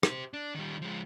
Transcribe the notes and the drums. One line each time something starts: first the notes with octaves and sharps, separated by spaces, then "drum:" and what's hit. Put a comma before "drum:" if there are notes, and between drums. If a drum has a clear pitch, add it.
G4 C5, drum: rim click
D4
D#3 G3
F3 G#3